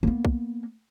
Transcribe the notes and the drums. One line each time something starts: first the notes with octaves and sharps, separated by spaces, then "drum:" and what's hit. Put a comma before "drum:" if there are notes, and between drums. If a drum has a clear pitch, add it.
A#3 B3
drum: kick B1